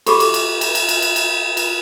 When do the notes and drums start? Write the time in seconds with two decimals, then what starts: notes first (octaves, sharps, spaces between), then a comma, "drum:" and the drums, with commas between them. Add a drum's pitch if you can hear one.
0.06 F#4 G4 A4 B5 C#6 D6, drum: cymbal
0.20 drum: cymbal
0.34 drum: cymbal
0.61 drum: cymbal
0.75 drum: cymbal
0.89 drum: cymbal
1.02 drum: cymbal
1.16 drum: cymbal
1.57 drum: cymbal